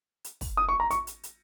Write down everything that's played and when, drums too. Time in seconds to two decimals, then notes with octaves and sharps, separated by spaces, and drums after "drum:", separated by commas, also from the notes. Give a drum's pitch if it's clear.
0.24 drum: hi-hat
0.41 drum: kick, open hi-hat
0.57 D#6
0.69 C#6
0.80 A#5
0.91 C#6, drum: hi-hat
1.07 drum: hi-hat
1.23 drum: hi-hat